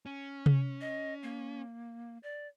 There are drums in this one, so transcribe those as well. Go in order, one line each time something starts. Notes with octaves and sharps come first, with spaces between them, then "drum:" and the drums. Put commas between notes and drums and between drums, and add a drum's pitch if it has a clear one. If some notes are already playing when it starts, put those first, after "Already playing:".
C#4
drum: tom C3
D#5
A#3
D5